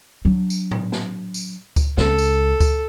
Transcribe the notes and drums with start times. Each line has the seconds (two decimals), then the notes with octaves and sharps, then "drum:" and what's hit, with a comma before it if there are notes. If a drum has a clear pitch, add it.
0.25 F#3 D4
0.50 drum: tambourine
0.71 drum: tom A2
0.92 drum: snare
1.34 drum: tambourine
1.76 drum: kick C#2, tambourine
1.97 C#2 A4, drum: snare
2.18 drum: tambourine
2.60 drum: kick C#2, tambourine